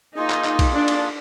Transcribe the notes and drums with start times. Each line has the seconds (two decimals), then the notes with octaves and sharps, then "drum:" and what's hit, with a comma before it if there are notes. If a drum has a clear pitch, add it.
0.15 A#3 D#4 F4 G#4
0.30 drum: clap
0.45 drum: clap
0.59 drum: kick B1, cymbal
0.73 D4
0.88 drum: cymbal